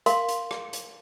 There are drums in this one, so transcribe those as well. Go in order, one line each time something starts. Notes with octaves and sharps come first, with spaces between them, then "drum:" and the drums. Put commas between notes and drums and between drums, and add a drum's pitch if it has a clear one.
A#4 F5 C6, drum: hi-hat
drum: hi-hat
drum: rim click
drum: hi-hat